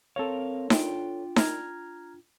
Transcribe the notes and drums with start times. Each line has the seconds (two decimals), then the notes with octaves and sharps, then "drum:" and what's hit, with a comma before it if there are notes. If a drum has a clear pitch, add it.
0.16 C4 A4 A#4 C#5 F5
0.70 D4 F4 G5, drum: snare D#4
1.36 A#5 F6 G#6, drum: snare D#4